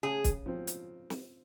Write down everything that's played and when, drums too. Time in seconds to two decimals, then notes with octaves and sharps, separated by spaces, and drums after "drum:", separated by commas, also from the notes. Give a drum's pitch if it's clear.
0.03 C#3 G#4
0.24 drum: kick, hi-hat
0.46 F3 C4
0.67 drum: hi-hat
1.10 drum: snare